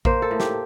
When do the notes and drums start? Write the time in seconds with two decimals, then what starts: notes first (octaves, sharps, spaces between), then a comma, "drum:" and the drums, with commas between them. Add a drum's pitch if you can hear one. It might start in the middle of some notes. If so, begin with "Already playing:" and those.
0.05 A#3 C5, drum: kick A1
0.22 A4
0.31 A2
0.40 G4, drum: snare